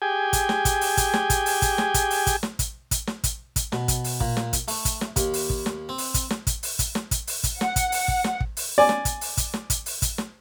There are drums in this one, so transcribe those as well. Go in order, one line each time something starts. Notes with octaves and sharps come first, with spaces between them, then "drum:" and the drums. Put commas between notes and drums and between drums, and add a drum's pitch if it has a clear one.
G4 G#4 G5 G#5
drum: kick, hi-hat
drum: snare
drum: kick, hi-hat
drum: open hi-hat
drum: kick, hi-hat
drum: snare
drum: kick, hi-hat
drum: open hi-hat
drum: kick, hi-hat
drum: snare
drum: kick, hi-hat
drum: open hi-hat
drum: kick, hi-hat
drum: snare
drum: kick, hi-hat
drum: kick, hi-hat
drum: snare
drum: kick, hi-hat
drum: kick, hi-hat
B2, drum: snare
drum: kick, hi-hat
drum: open hi-hat
A#2, drum: kick
drum: snare
drum: kick, hi-hat
A3, drum: open hi-hat
drum: kick, hi-hat
drum: snare
D#2, drum: kick, hi-hat
drum: open hi-hat
drum: kick
drum: snare
C4
drum: open hi-hat
drum: kick, hi-hat
drum: snare
drum: kick, hi-hat
drum: open hi-hat
drum: kick, hi-hat
drum: snare
drum: kick, hi-hat
drum: open hi-hat
drum: kick, hi-hat
F#5, drum: snare
drum: kick, hi-hat
drum: open hi-hat
drum: kick
drum: snare
drum: kick
drum: open hi-hat
D5 G#5
drum: snare
drum: kick, hi-hat
drum: open hi-hat
drum: kick, hi-hat
drum: snare
drum: kick, hi-hat
drum: open hi-hat
drum: kick, hi-hat
drum: snare